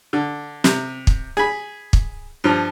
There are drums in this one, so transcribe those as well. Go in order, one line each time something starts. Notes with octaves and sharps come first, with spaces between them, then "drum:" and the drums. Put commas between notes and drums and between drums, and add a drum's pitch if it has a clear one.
D3
C3, drum: snare
drum: kick
G#4 B5
drum: kick
G2 F3